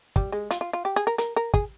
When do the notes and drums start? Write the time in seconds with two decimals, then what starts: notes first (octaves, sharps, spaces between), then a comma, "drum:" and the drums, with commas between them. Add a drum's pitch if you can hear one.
0.16 G3, drum: kick
0.32 G#3
0.51 F4, drum: hi-hat
0.61 F4
0.73 F4
0.85 G4
0.96 G#4
1.07 A#4
1.18 A#4, drum: hi-hat
1.36 A#4
1.54 G#4, drum: kick